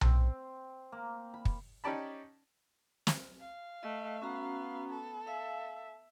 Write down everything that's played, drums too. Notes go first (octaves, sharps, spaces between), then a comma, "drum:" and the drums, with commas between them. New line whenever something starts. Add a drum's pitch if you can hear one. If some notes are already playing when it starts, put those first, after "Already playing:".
C4, drum: tom B1
A#3
B5
drum: kick
C#4 D#4 G4 D5 A5 B5
drum: snare
F5
A3 D#5
B3 C#4 F#4 A#5
A4
E5 F5